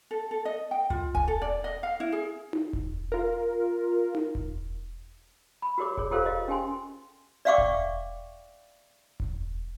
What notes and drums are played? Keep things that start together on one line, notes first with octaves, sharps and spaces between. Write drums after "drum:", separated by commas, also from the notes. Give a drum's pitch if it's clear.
A4
A4
D#5
G5
F4, drum: tom C#2
G#5, drum: kick E1
A4
D5
D#5
F5
E4
G#4
drum: tom D#4
drum: kick E1
F4 A#4
drum: tom D#4
drum: kick E1
B5
F#4 G4 A#4 C#5 D6
G#4 C#5, drum: kick E1
F4 G4 A4 A#4 C5 F5
D#5 F5
C#4 G4 G#5 C6
D5 E5 F5 G5 C#6 D6
drum: kick E1
drum: kick E1